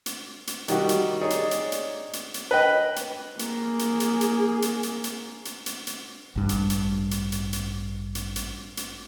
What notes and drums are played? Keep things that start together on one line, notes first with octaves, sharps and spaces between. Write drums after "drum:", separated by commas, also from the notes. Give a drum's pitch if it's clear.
drum: hi-hat
drum: hi-hat
D#3 G3 F#4, drum: hi-hat
drum: hi-hat
D#4 G#4 C#5 D5
drum: hi-hat
drum: hi-hat
drum: hi-hat
drum: hi-hat
drum: hi-hat
B4 D#5 G5
drum: hi-hat
A#3 G#4, drum: hi-hat
drum: hi-hat
drum: hi-hat
drum: hi-hat
drum: hi-hat
drum: hi-hat
drum: hi-hat
drum: hi-hat
drum: hi-hat
drum: hi-hat
A1 G2
drum: hi-hat
drum: hi-hat
drum: hi-hat
drum: hi-hat
drum: hi-hat
drum: hi-hat
drum: hi-hat
drum: hi-hat